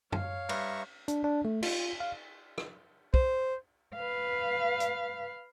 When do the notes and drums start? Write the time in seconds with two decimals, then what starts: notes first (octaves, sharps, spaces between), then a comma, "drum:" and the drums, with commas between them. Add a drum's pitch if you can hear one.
0.12 C#5 F5, drum: tom
0.49 G2 E5 A#5 C#6, drum: cymbal
1.08 D4, drum: hi-hat
1.24 D4
1.45 A3
1.63 F4, drum: cymbal
2.00 F5
2.58 drum: rim click
3.14 C5, drum: kick
3.95 B4 F5
4.80 drum: hi-hat